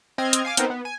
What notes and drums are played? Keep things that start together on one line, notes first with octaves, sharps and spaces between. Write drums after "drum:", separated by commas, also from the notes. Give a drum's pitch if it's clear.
C4 D#5 F6 G#6
drum: hi-hat
F5 G#5 D6
B3 C4 D#4 A#4 C5, drum: hi-hat
B3
G#5